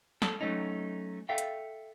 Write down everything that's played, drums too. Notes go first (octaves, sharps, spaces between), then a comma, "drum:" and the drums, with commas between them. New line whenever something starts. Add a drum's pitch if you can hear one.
A4, drum: snare
F#3 A3 C#4 D#4
A4 E5 F5 G5
drum: hi-hat